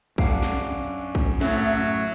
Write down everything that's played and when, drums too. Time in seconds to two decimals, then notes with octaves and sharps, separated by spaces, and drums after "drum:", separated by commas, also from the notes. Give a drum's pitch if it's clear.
0.18 F#2 D4 F5 F#5, drum: kick
0.42 drum: snare
1.15 drum: kick
1.41 A2 F#3 A3 E5, drum: snare